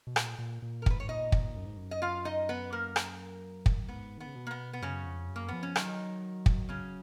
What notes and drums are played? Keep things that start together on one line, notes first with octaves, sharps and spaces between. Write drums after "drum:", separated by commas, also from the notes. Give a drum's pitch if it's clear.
B2
A#2, drum: rim click
A#2
A#2
A#4
G#2 B4, drum: kick
C#5
A#2 D#4 D#5
drum: kick
F#2
G#2
F#2
D#5
F4 F5
D#4 D#5
B3 B4
A#3 A#4
drum: rim click
drum: kick
G#2 B3
D#3 B3
C#3
B2
A#3
B3
B3
F#2 C#3 C#4
F2
F#2
A#3
F3 B3
C#4
D#3 F#3 D#4, drum: rim click
drum: kick
C#3 C#4